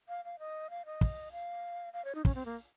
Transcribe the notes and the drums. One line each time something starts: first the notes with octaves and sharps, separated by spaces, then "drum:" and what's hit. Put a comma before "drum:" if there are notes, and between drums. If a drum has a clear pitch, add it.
F5
F5
D#5
F5
D#5
drum: kick
F5
F5
C#5
D#4
C#4, drum: kick
C4
A#3